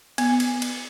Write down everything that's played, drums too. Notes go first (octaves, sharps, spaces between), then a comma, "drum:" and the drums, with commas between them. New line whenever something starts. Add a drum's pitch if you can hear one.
B3, drum: cymbal
drum: cymbal
drum: cymbal